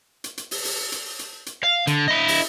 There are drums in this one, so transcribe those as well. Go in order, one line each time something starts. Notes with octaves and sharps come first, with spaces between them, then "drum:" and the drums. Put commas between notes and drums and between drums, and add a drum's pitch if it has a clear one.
drum: hi-hat
drum: hi-hat
drum: open hi-hat
drum: open hi-hat
drum: hi-hat
drum: hi-hat
drum: hi-hat
F5
D3, drum: hi-hat
E4 D#5
drum: open hi-hat